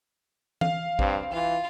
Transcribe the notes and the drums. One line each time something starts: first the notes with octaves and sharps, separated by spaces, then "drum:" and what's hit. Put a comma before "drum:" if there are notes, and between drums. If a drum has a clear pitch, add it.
F5, drum: tom E3
G2 C4, drum: kick A#1
E3 F4 F5